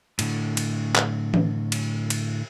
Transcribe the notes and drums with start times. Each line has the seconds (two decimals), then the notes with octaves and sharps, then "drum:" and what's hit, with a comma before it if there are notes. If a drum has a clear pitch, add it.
0.19 A2 D3, drum: cymbal
0.57 drum: cymbal
0.95 drum: clap
1.34 drum: tom E3
1.72 drum: cymbal
2.10 drum: cymbal